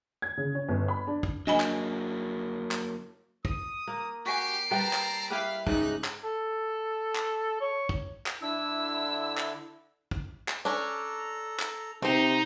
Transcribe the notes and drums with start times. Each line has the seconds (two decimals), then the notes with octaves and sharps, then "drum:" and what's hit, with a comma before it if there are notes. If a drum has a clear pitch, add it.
0.22 G#6
0.37 C#3
0.55 C#4
0.68 G1
0.88 B5
1.07 D4
1.23 drum: kick
1.47 F#3 A#3 D4 D#5 G#5 B5
1.60 drum: clap
2.71 drum: clap
3.45 D#6, drum: kick
3.87 A#3
4.26 F#4 G4 G#5 C7 D7
4.71 G3 C4 B4 G5 A5 A#5
4.93 drum: clap
5.30 E4 G4 B4 F5 B5
5.67 G#2 C#3 D#4 F#6, drum: kick
6.04 drum: clap
6.24 A4
7.15 drum: clap
7.61 C#5
7.89 drum: kick
8.26 drum: clap
8.42 D3 D4 E4 E6
9.37 drum: clap
10.11 drum: kick
10.48 drum: clap
10.65 C#4 D4 A4 A#5
11.59 drum: clap
12.02 C3 C4 D#4 C5